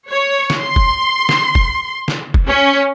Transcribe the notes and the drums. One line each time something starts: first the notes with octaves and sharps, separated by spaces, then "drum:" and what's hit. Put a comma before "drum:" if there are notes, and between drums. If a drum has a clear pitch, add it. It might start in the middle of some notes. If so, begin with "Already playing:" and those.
C#5
drum: snare
C6
drum: kick
drum: snare
drum: kick
drum: snare
drum: kick
C#4